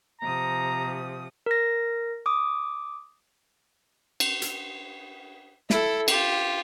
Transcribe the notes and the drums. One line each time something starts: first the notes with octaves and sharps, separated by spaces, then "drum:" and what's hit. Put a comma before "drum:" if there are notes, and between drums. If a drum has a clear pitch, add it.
C3 F3 A#5 D#6
A#4 A#6
D6 D#6
drum: cymbal
drum: hi-hat
E4 A4, drum: snare
F4 G4, drum: cymbal